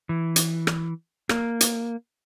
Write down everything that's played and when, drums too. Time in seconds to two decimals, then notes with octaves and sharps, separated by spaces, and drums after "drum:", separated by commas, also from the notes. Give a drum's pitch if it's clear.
0.09 E3
0.36 drum: hi-hat
0.67 drum: rim click
1.29 A#3, drum: rim click
1.61 drum: hi-hat